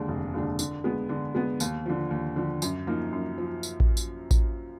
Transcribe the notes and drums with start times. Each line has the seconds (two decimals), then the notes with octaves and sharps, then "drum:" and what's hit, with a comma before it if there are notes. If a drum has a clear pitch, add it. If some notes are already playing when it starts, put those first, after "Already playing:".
Already playing: D#2 D3 G#3 D4
0.08 F1
0.34 D#2 D3 G#3 D4
0.59 D3, drum: tambourine
0.84 G#3 B3
1.09 D3
1.35 G#3 B3
1.60 D#2, drum: tambourine
1.86 D3 F3
2.11 D#2
2.36 D3 F3
2.62 F#2, drum: tambourine
2.87 F3 A#3 D#4
3.12 F#2
3.38 F3
3.63 drum: tambourine
3.80 drum: kick A1
3.97 drum: tambourine
4.31 drum: kick A1, tambourine